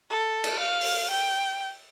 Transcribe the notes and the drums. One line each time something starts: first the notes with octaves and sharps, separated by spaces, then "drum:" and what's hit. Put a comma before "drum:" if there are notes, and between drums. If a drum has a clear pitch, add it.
A4
drum: cymbal
F5
drum: open hi-hat
G5